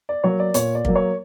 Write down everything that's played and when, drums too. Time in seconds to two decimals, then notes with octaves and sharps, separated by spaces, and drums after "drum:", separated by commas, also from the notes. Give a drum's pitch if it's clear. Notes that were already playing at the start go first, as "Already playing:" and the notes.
0.09 D5
0.24 F#3 A#3 C#5
0.39 D5
0.54 A#2 C#5, drum: hi-hat
0.75 D5
0.85 F#3 A#3, drum: kick
0.95 C#5